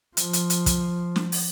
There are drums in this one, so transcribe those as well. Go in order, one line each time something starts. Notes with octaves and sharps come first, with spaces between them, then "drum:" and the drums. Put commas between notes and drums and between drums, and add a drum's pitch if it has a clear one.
F3, drum: hi-hat
drum: hi-hat
drum: hi-hat
drum: kick, hi-hat
drum: snare
drum: open hi-hat